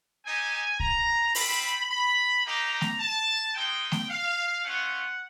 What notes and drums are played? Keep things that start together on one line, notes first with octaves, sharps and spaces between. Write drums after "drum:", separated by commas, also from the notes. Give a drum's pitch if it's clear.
C4 D#4 G4 G#5
A#5, drum: kick A#1
C4 F4 B5, drum: open hi-hat
B5
A#3 D#4 G4 A#5
drum: snare A3
A5
G#3 C4 D#4 G5
drum: snare A3
F5
A3 C#4 F4 F#5